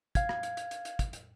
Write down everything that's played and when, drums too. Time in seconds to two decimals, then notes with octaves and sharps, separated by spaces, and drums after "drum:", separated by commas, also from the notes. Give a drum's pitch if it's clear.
0.15 F5 G#6, drum: kick, hi-hat
0.29 drum: rim click
0.43 drum: hi-hat
0.57 drum: hi-hat
0.71 drum: hi-hat
0.85 drum: hi-hat
0.99 drum: kick, hi-hat
1.13 drum: hi-hat